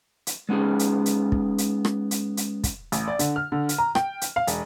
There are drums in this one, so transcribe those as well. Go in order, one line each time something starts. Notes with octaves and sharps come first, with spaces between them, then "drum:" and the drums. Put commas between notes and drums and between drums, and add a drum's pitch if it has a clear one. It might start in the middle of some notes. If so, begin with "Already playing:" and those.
drum: hi-hat
G#3 B3 C#4 D#4 G#4
drum: hi-hat
drum: hi-hat
drum: kick
drum: hi-hat
drum: rim click
drum: hi-hat
drum: hi-hat
drum: kick, hi-hat
A1, drum: hi-hat
D5
D3, drum: hi-hat
F6
D3
drum: hi-hat
A#5
G5, drum: rim click
drum: hi-hat
F5
E1, drum: hi-hat